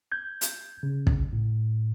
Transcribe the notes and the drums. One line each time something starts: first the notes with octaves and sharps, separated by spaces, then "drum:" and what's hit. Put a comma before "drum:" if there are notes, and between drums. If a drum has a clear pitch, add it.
G6 G#6
drum: hi-hat
C#3
drum: kick
A2